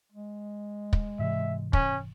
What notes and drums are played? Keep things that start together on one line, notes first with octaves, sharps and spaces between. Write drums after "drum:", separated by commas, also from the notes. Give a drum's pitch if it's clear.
G#3
drum: kick
G#2 C3 E3 E5
C#4, drum: kick